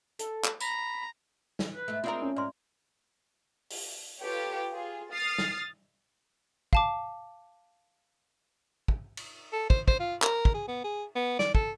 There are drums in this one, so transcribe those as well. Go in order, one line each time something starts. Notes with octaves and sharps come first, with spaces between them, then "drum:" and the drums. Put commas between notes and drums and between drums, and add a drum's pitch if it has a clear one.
A4, drum: hi-hat
drum: clap
A#5 B5, drum: tambourine
drum: snare
B4
G#2 A3
G#3 C4 D4 F4 A#4 E5
C#4
G#2 A#4 D5 C6
drum: open hi-hat
F4 G4 A4 B4 C#5
F4 G#4
D#6 F6 A6 C7
drum: snare
F5 A5 D6, drum: kick
drum: kick
drum: cymbal
A4
C5, drum: kick
C5, drum: kick
F4
A#4, drum: clap
drum: kick
G#4
B3
G#4
B3
D5, drum: snare
A4, drum: kick